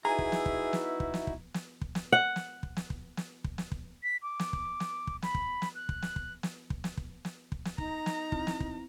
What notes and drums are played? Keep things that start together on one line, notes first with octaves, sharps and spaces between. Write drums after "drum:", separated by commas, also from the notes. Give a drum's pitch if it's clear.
D#4 E4 F#4 G#4 B4 E5 G#5 A#5
drum: kick
drum: snare
drum: kick
drum: snare
drum: kick
drum: snare
drum: kick
drum: snare
drum: kick
drum: snare
F#5
drum: snare
drum: kick
drum: snare
drum: kick
drum: snare
drum: kick
drum: snare
drum: kick
B6
D6
drum: snare
drum: kick
drum: snare
drum: kick
B5, drum: snare
drum: kick
drum: snare
F#6
drum: kick
drum: snare
drum: kick
drum: snare
drum: kick
drum: snare
drum: kick
drum: snare
drum: kick
drum: snare
D#4 A#5, drum: kick
drum: snare
C4 E4, drum: kick
drum: snare
drum: kick